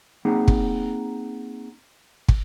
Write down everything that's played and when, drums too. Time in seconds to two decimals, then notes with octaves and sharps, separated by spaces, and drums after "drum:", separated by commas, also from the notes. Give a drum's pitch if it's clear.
0.25 A#3 C4 D#4 G#4 F#5
0.48 drum: kick
2.28 drum: kick